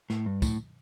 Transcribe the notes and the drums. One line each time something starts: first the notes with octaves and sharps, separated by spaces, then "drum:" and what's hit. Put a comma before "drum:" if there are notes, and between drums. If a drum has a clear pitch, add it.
A2, drum: snare
G2
A2, drum: kick, tambourine